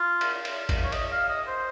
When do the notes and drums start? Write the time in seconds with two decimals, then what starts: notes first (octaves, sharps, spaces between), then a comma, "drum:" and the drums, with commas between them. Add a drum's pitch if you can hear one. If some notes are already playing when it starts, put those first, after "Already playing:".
Already playing: F4
0.21 drum: cymbal
0.45 drum: cymbal
0.69 drum: kick G#1, cymbal
0.83 C#5
0.92 D#5, drum: cymbal
1.12 F5
1.29 D#5
1.47 C5